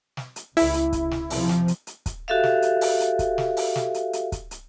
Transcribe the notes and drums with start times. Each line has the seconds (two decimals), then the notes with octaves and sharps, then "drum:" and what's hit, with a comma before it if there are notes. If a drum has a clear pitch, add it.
0.17 drum: snare
0.36 drum: hi-hat
0.57 C#2 E4, drum: open hi-hat
0.74 drum: hi-hat
0.93 drum: kick, hi-hat
1.11 drum: snare
1.30 C3 F3, drum: open hi-hat
1.49 drum: snare
1.68 drum: hi-hat
1.87 drum: hi-hat
2.06 drum: kick, hi-hat
2.28 F#4 G4 A4 E5 F5
2.43 drum: snare
2.62 drum: hi-hat
2.81 drum: open hi-hat
3.00 drum: hi-hat
3.19 drum: kick, hi-hat
3.38 drum: snare
3.57 drum: open hi-hat
3.76 drum: snare
3.94 drum: hi-hat
4.13 drum: hi-hat
4.32 drum: kick, hi-hat
4.51 drum: hi-hat